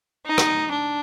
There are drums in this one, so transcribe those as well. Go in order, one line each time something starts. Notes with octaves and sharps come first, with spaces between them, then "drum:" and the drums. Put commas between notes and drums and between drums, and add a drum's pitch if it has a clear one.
D#4
drum: rim click
D4